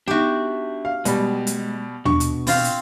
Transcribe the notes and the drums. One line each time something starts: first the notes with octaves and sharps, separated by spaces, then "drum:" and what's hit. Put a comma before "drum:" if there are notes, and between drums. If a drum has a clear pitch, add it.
B3 D4 D#4 F#4 G4 E5
F5
B2 G3 G#3, drum: hi-hat
drum: hi-hat
B2 D4 C#6, drum: tom D#2
drum: hi-hat
C4 F4 F5, drum: open hi-hat
drum: hi-hat